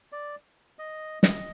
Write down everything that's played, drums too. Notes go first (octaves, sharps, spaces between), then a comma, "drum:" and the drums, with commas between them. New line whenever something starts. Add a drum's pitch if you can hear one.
D5
D#5
D#5, drum: snare